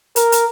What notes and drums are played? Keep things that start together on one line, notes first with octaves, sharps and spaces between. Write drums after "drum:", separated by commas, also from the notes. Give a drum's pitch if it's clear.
A#4, drum: hi-hat
drum: hi-hat